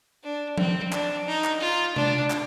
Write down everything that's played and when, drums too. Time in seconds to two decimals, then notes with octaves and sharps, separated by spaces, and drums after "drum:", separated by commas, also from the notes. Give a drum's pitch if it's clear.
0.24 D4
0.58 C4, drum: tom F3
0.92 D4, drum: clap
1.28 D#4
1.44 drum: clap
1.61 F4
1.96 D4, drum: tom C3
2.30 drum: clap